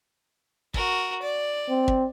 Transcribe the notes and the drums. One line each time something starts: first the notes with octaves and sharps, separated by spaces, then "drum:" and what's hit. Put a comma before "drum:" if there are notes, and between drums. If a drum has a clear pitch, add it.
F#4 A#4, drum: kick
D5
C4
drum: kick